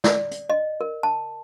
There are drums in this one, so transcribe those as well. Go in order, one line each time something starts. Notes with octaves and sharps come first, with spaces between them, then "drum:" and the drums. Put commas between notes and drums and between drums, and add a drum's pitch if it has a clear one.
D5, drum: snare
drum: hi-hat
D#5
A#4
A5